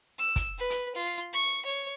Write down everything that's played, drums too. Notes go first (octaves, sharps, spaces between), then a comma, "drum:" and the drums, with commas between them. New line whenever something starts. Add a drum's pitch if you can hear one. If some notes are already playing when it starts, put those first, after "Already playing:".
E6
drum: kick, hi-hat
B4
drum: hi-hat
F4
C#6
C#5